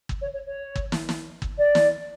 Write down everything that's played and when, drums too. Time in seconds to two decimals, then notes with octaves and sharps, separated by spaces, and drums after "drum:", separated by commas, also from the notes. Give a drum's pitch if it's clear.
0.09 drum: kick G1
0.21 C#5
0.33 C#5
0.46 C#5
0.76 drum: kick G1
0.92 drum: snare
1.09 drum: snare
1.42 drum: kick G1
1.58 D5
1.75 drum: snare